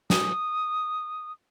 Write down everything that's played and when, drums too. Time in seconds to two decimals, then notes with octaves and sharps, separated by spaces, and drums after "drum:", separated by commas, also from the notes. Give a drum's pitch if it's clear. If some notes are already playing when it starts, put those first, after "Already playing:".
0.10 D#6, drum: snare